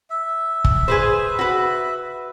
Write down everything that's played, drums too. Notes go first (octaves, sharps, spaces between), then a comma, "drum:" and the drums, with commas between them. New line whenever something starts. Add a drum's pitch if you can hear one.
E5
drum: kick
G#4 B4 C5
F#4 B4